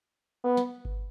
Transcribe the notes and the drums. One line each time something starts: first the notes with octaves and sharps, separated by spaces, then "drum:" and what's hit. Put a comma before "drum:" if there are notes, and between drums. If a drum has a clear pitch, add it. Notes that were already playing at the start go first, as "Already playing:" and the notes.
B3
drum: snare
drum: kick G1